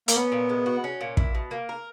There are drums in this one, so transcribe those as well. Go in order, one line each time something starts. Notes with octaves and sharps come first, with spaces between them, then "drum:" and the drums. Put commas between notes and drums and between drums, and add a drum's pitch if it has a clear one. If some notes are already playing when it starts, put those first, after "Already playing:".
A#3, drum: hi-hat
B3 C#4
A#2
G#3
F#4
C#4
A#2
E4, drum: kick
B2
A#3
A#4